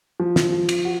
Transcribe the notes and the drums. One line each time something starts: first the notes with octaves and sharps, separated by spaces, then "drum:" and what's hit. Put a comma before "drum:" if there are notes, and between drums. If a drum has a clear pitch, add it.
F3
drum: snare
F3
drum: cymbal
F#4